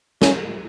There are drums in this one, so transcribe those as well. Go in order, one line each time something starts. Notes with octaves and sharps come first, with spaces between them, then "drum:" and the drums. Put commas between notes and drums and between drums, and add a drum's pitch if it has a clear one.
C#4, drum: snare